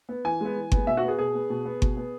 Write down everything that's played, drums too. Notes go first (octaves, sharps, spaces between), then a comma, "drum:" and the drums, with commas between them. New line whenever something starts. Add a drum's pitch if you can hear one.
B3
E3 G#5
G#3 B3
E3
G#3 B3, drum: kick G1
B2 E5
F#4
B3
G#4
B2 G#4
B3
B2
B3
B2, drum: kick G1
B3